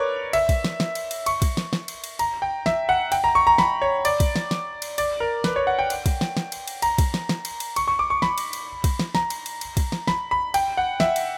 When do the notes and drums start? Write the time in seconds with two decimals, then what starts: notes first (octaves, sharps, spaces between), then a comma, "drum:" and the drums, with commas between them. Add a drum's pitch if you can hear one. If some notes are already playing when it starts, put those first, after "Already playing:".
Already playing: A#4 B4 C#5 D5
0.33 E5, drum: cymbal
0.49 drum: kick, cymbal
0.64 drum: snare
0.80 drum: snare
0.95 drum: cymbal
1.11 drum: cymbal
1.26 C#6, drum: cymbal
1.42 drum: kick, cymbal
1.57 drum: snare
1.73 drum: snare
1.88 drum: cymbal
2.04 drum: cymbal
2.19 A#5, drum: cymbal
2.42 G5
2.66 E5, drum: snare
2.89 F#5
3.12 G5, drum: cymbal
3.24 A#5
3.35 C#6
3.47 A#5
3.58 B5, drum: snare
3.82 C#5
4.05 D5, drum: cymbal
4.20 drum: kick, cymbal
4.36 drum: snare
4.51 drum: snare
4.82 drum: cymbal
4.98 D5, drum: cymbal
5.20 A#4
5.44 B4, drum: snare
5.56 C#5
5.67 F#5
5.79 G5
5.90 drum: cymbal
6.06 drum: kick, cymbal
6.21 drum: snare
6.37 drum: snare
6.52 drum: cymbal
6.68 drum: cymbal
6.82 A#5, drum: cymbal
6.98 drum: kick, cymbal
7.14 drum: snare
7.29 drum: snare
7.45 drum: cymbal
7.60 drum: cymbal
7.76 C#6, drum: cymbal
7.87 C#6
7.99 D6
8.10 C#6
8.22 B5, drum: snare
8.38 drum: cymbal
8.53 drum: cymbal
8.84 drum: kick, cymbal
8.99 drum: snare
9.15 A#5, drum: snare
9.30 drum: cymbal
9.46 drum: cymbal
9.61 drum: cymbal
9.77 drum: kick, cymbal
9.92 drum: snare
10.08 B5, drum: snare
10.31 B5
10.54 G5, drum: cymbal
10.77 F#5
11.00 E5, drum: snare
11.16 drum: cymbal